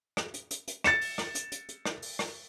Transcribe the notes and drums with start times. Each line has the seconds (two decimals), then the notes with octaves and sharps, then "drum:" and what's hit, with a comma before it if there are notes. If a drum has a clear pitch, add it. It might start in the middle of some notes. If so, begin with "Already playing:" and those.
0.17 drum: rim click
0.34 drum: hi-hat
0.51 drum: hi-hat
0.68 drum: hi-hat
0.84 A6 C#7 E7, drum: rim click
1.01 drum: open hi-hat
1.18 drum: rim click
1.35 drum: hi-hat
1.52 drum: hi-hat
1.69 drum: hi-hat
1.85 drum: rim click
2.02 drum: open hi-hat
2.19 drum: rim click